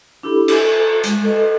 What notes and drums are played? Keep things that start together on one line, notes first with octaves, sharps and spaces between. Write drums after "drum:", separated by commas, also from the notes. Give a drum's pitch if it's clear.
D4 E4 G4 A4 B5
A4, drum: cymbal
G#3, drum: hi-hat
A4 B4 D#5